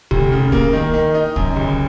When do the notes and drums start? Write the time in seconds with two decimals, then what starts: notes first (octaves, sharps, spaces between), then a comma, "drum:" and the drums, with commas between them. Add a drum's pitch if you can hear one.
0.11 F1, drum: kick C2
0.32 C#3
0.52 A#3, drum: kick C2
0.73 D#3
0.94 D#3
1.14 D#4
1.36 F#2, drum: kick C2
1.56 F#1